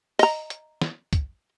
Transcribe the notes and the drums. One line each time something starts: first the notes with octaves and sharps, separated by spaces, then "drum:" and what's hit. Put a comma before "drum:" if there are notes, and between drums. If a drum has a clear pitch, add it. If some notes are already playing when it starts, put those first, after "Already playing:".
D#5 A#5, drum: open hi-hat
drum: hi-hat
drum: snare
drum: kick, hi-hat